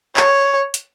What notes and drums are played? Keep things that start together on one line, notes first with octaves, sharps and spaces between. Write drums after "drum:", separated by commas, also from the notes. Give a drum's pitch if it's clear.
C#5, drum: clap
drum: hi-hat